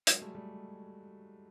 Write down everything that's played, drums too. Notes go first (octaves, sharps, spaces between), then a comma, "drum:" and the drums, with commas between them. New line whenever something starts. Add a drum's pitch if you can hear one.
F#3 G#3, drum: hi-hat
G3 A3
G3 A3